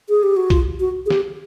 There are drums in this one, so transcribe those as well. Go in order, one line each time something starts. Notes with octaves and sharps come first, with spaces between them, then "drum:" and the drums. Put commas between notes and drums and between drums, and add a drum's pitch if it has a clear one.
G#4
G4
F#4
F4, drum: kick, hi-hat
F#4
G#4
G4, drum: snare